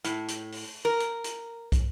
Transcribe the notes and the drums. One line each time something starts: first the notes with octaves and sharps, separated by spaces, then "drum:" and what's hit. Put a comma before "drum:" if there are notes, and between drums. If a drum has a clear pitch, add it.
A2, drum: hi-hat
drum: hi-hat
drum: open hi-hat
A#4
drum: hi-hat
drum: hi-hat
drum: kick, hi-hat